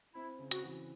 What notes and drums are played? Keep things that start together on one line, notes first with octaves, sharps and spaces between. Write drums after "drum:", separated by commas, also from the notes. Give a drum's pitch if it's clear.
C4 E4
C#3
F#4, drum: hi-hat
E3